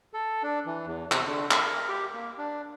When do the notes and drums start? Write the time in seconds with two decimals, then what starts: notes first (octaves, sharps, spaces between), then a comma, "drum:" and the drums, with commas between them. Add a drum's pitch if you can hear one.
0.14 A4
0.43 D4
0.66 E3
0.87 E2
1.12 C3, drum: clap
1.26 D3
1.51 A#4, drum: clap
1.89 G4
2.15 A#3
2.38 D4